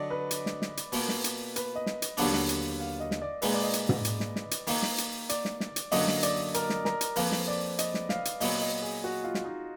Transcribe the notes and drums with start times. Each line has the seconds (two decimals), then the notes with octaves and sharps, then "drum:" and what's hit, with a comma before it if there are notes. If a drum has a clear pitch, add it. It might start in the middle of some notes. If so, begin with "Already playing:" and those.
Already playing: D3 F#3 D4 D5 D#5
0.10 B4
0.31 drum: hi-hat
0.46 drum: snare
0.62 drum: snare
0.77 drum: hi-hat
0.92 B2 A#3 F4 A#4, drum: open hi-hat
1.09 drum: snare
1.24 drum: hi-hat
1.56 B4, drum: hi-hat
1.75 D#5
1.86 drum: snare
2.02 drum: hi-hat
2.17 D#2 D3 F#3 B3 D4 F5, drum: open hi-hat
2.33 drum: snare
2.49 drum: hi-hat
2.80 F5
3.00 D#5
3.11 drum: snare
3.22 D5
3.42 A#2 G#3 D#4 B4, drum: open hi-hat
3.54 D5
3.63 D#5
3.73 drum: hi-hat
3.89 drum: tom
4.05 drum: hi-hat
4.20 drum: snare
4.36 drum: snare
4.51 drum: hi-hat
4.67 D#3 A#3 D#4, drum: open hi-hat
4.83 drum: snare
4.98 drum: hi-hat
5.29 D5, drum: hi-hat
5.45 drum: snare
5.60 drum: snare
5.76 drum: hi-hat
5.92 F#2 D3 F#3 A#3 D#5, drum: open hi-hat
6.07 drum: snare
6.23 D5, drum: hi-hat
6.54 A#4, drum: hi-hat
6.70 drum: snare
6.85 A#4, drum: snare
7.01 drum: hi-hat
7.16 F2 F3 A#3 B4, drum: open hi-hat
7.32 drum: snare
7.48 D5
7.79 D#5, drum: hi-hat
7.94 drum: snare
8.09 F5, drum: snare
8.25 drum: hi-hat
8.41 A#2 F#3 B3 D#5, drum: open hi-hat
8.61 D#5
8.82 G#4
9.04 F#4
9.24 F4
9.34 drum: snare
9.44 D#4